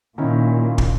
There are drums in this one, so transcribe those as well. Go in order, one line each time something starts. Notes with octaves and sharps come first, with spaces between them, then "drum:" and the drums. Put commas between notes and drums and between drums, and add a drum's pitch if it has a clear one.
A#2 D#3 C#4 E4
drum: kick